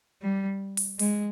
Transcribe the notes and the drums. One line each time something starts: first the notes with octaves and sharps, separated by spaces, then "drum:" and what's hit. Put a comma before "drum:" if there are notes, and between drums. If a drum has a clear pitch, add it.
G3
drum: open hi-hat
G#3, drum: open hi-hat